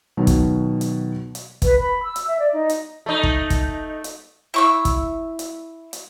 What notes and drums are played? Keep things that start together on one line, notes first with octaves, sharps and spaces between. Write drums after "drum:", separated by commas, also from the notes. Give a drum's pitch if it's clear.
B2 D#3 F#3
drum: kick, hi-hat
drum: hi-hat
drum: hi-hat
B4, drum: kick, hi-hat
B5
E6
drum: hi-hat
E5
D5
D#4
drum: hi-hat
A3 D#4
drum: kick
drum: kick, hi-hat
drum: hi-hat
E4 C#6 E6
drum: kick, hi-hat
drum: hi-hat
drum: hi-hat